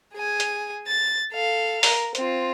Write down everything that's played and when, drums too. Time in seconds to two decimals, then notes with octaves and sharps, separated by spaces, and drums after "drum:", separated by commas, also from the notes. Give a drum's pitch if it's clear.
0.15 G#4 G#5
0.40 drum: hi-hat
0.87 A6
1.32 A4 F5
1.83 A#4, drum: open hi-hat
2.15 C4 F4, drum: hi-hat